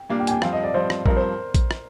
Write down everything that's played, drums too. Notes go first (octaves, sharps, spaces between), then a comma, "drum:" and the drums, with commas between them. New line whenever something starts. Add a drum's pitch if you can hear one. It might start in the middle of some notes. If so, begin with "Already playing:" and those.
Already playing: G5
A#2 G3 A#3 D4
G5
G#5, drum: hi-hat
G5
G2 F3 C4 F5, drum: rim click
D#5
D5
G2 F3 C4 C5
drum: rim click
G2 F3 C4 A#4, drum: kick A#1
C5
drum: kick A#1, hi-hat
drum: rim click